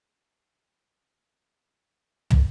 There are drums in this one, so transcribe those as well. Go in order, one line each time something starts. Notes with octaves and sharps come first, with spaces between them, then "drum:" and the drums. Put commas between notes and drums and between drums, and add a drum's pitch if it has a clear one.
D4 B4 C5 D5 G#5
drum: tom